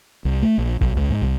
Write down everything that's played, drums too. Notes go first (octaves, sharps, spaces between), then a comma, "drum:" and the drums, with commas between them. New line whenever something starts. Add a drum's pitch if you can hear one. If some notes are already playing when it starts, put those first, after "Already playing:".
C2
A3
A#1
B1, drum: kick A#1
C#2
G#2
C2